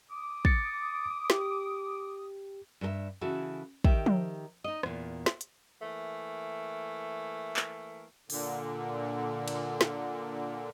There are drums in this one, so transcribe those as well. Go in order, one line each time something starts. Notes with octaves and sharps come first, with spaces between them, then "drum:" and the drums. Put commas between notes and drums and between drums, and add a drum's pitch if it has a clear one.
D6 D#6
A6 C#7, drum: kick
G4, drum: snare
G2 A4 E5
C#3 E3 E4 F#4 A4
D#3 G4 E5 G5, drum: kick
drum: tom F3
D#4 D#5
E2 A#2, drum: rim click
drum: snare
drum: hi-hat
E3 A3 A#3
drum: clap
A#2 D3, drum: open hi-hat
drum: cymbal
drum: snare